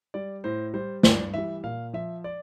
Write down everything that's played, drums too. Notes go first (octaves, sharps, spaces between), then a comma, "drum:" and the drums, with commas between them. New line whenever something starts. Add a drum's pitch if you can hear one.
G3 D5
A2 C5
G3 C5
G2 D5, drum: snare
E3 G3 E5
A#2 F5
F3 E5
D5